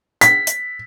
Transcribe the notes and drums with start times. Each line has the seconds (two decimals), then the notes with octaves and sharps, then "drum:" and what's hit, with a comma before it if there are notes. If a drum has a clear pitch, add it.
0.21 B6, drum: hi-hat
0.47 drum: hi-hat